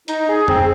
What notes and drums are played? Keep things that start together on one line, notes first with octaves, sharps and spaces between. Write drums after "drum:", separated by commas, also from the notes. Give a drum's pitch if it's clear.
D#4, drum: hi-hat
G#4
C4, drum: tom F2